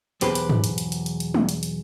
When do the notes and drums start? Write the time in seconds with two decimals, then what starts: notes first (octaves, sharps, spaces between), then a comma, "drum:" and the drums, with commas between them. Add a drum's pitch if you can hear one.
0.21 B1 E2 G4 B4 C5, drum: hi-hat
0.35 drum: hi-hat
0.50 drum: tom
0.64 drum: hi-hat
0.78 drum: hi-hat
0.92 drum: hi-hat
1.06 drum: hi-hat
1.20 drum: hi-hat
1.34 drum: tom
1.49 drum: hi-hat
1.63 drum: hi-hat